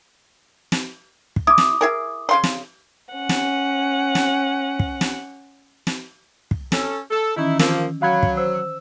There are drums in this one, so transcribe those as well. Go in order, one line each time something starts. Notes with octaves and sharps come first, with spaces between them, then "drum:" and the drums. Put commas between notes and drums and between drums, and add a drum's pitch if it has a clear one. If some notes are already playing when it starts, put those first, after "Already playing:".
drum: snare
drum: kick
E4 D6 D#6
drum: snare
E4 G#4 A#4
C#3 F5 C6
drum: snare
C#4 F#5
drum: snare
drum: snare
drum: kick
drum: snare
drum: snare
drum: kick
C#4 A4, drum: snare
A4
D#3 E3 C#4 D#4 E4
F3 A#3 E6, drum: snare
F#3 F5 B5 F#6 G#6
drum: kick
C5 E6